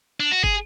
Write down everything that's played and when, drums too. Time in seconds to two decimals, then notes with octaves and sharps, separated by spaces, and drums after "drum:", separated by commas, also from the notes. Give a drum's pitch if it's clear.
0.20 D4
0.31 F#4
0.44 G#4, drum: kick